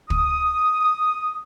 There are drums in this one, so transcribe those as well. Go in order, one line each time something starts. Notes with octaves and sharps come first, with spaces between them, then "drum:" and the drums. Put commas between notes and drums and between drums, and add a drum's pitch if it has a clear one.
D#6, drum: kick